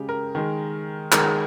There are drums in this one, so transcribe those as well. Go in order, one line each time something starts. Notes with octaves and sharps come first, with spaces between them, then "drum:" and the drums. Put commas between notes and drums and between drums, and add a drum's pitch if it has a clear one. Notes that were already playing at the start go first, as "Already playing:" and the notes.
Already playing: C#3 G#3 G4
A#4
D#3 G#3
D#3 G#3 A#4, drum: clap